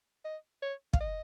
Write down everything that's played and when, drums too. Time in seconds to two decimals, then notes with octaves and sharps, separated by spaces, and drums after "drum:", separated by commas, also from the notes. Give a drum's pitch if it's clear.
0.25 D#5
0.62 C#5
0.93 F5, drum: kick
1.01 D#5